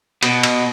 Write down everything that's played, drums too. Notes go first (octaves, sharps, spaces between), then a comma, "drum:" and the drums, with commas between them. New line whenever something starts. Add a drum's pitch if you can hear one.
B2, drum: cymbal
drum: cymbal